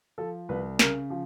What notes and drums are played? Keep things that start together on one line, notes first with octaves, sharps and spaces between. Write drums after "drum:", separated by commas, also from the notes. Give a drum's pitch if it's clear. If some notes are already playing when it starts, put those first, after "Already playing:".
F3 A4
C2 B4
C#3 A#4, drum: snare
F3